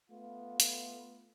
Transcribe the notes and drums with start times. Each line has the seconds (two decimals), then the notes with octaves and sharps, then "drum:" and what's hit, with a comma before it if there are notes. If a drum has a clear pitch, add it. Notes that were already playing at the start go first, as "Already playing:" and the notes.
0.11 A3 B3 F4
0.60 drum: hi-hat